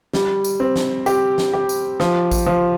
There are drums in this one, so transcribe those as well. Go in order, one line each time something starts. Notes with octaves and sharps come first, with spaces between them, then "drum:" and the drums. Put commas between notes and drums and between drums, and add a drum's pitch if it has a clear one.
G3, drum: snare
drum: tambourine
C4
drum: snare
G4, drum: tambourine
drum: snare
G4
drum: tambourine
F3, drum: snare
drum: kick A1, tambourine
F3